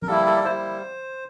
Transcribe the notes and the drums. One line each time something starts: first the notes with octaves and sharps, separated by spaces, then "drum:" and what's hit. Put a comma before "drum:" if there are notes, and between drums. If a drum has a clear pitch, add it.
A#4, drum: tom F3
G3 A#3 E4 A4
A4
D5
G3 A#3 E4 C5